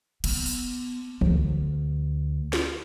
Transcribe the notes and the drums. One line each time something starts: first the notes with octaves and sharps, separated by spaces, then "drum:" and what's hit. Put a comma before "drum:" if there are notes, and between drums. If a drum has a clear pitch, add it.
B3, drum: cymbal
drum: open hi-hat
D2, drum: tom E3
drum: snare